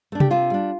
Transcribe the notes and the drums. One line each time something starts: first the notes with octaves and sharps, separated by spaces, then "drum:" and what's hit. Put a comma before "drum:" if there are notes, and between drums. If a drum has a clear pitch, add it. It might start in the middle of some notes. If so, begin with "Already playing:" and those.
A3 D4
G4, drum: tom C3
C3 F4
G3 D4